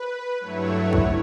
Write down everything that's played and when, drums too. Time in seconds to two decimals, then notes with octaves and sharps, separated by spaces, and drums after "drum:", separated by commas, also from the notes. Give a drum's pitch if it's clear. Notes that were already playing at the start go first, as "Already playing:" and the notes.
Already playing: B4
0.40 G2 F#3 A3 E4 C#5
0.93 drum: kick A1